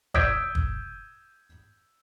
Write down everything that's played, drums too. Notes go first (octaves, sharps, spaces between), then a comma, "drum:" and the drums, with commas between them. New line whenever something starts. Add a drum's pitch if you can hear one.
D#6 E6 G6 G#6 B6 D7, drum: kick
drum: kick